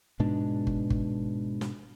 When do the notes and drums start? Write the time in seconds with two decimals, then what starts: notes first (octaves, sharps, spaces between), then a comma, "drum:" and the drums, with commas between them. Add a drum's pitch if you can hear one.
0.20 G#2 B2 G#3 D4
0.67 drum: kick G1
0.90 drum: kick G1
1.61 drum: snare